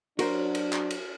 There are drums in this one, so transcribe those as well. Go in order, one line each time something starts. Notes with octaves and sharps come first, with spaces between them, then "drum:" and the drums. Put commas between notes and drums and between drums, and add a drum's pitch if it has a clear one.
F#3 D4 F#4 A#4 C5, drum: cymbal
drum: cymbal
drum: clap
drum: cymbal